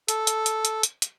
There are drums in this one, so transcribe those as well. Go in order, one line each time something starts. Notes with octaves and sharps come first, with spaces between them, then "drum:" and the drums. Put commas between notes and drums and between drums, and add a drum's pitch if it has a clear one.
A4, drum: hi-hat
drum: hi-hat
drum: hi-hat
drum: hi-hat
drum: hi-hat
drum: hi-hat